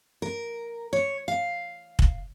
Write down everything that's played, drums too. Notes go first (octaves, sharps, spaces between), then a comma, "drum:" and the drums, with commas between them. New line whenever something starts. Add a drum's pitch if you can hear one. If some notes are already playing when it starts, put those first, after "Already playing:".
A#4
C#5
F5
drum: kick